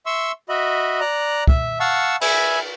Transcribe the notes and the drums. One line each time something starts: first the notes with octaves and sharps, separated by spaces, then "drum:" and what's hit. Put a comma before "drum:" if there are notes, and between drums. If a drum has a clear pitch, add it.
E5 C6 C#6 E6
F#4 D#5 E5 B5
D5 A#5 F#6
E5, drum: kick
F5 F#5 A5 C#6 E6
E5 G#5 B5, drum: cymbal